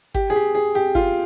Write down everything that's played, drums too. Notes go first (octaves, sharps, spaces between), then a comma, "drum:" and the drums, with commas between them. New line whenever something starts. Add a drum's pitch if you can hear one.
G4, drum: kick G1, hi-hat
G#4
G4
G#4
G4
F4, drum: kick G1